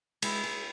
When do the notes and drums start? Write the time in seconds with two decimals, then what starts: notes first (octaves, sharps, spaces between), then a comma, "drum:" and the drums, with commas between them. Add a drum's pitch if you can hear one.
0.22 G#3 E4, drum: cymbal
0.44 G#4